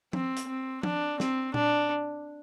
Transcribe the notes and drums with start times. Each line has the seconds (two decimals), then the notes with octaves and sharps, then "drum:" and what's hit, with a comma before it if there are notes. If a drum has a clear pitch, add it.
0.13 C4, drum: tom F3
0.37 drum: hi-hat
0.48 C4
0.83 D4, drum: tom F3
1.20 C4, drum: snare
1.54 D4, drum: tom A#2